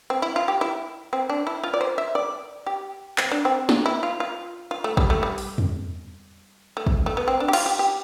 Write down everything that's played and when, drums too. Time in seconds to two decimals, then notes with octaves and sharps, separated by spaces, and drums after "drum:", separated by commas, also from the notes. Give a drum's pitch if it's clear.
0.10 C4
0.22 E4
0.36 F4
0.48 G4
0.61 E4
1.13 C4
1.30 D4
1.47 E4
1.64 F4
1.74 D5
1.81 C5
1.98 E5
2.15 D5
2.66 G4
3.18 C4, drum: clap
3.31 D4
3.45 C4
3.69 D4, drum: snare
3.86 E4
4.03 F4
4.20 F4
4.71 F4
4.84 A3
4.97 G3, drum: kick
5.10 A3
5.23 G3
5.38 drum: open hi-hat
5.58 drum: tom E2
6.77 A3
6.87 drum: kick
7.06 A3
7.17 B3
7.28 C4
7.40 D4
7.48 G4
7.53 F4, drum: cymbal
7.66 G4
7.79 G4